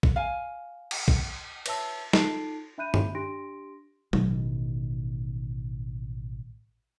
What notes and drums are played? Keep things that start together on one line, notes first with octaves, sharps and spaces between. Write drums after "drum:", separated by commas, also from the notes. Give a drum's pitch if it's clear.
drum: kick A#1
F5 G#5
drum: cymbal
drum: kick A#1
B4 C#5 E5 A5 E6, drum: cymbal
D#4 F4 A4 A5 C7 D7, drum: snare
D4 E5 B5 F#6 G6 D#7
drum: tom G2
D4 G4 C6 A#6 D7
A1 B2 D#3, drum: tom F#3